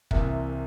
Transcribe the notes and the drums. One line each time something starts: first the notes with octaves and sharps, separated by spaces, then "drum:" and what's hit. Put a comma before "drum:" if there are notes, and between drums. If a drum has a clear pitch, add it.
C2 C3 E3 A#3 E5, drum: kick